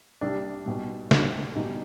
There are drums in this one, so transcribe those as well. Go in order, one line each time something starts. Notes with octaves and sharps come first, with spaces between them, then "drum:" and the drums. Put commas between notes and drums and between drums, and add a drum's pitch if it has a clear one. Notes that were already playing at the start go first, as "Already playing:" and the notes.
C2 C3 G3 D4
B1 B2 G3
D2 D3 G3, drum: snare
B1 B2 G3 D#4